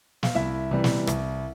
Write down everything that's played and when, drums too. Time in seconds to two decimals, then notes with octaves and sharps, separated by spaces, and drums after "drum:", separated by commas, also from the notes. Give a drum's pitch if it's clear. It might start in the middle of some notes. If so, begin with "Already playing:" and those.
0.23 F5, drum: snare
0.35 C2 E4 E5
0.71 C3 E3 G3
0.84 drum: snare
1.07 C2, drum: rim click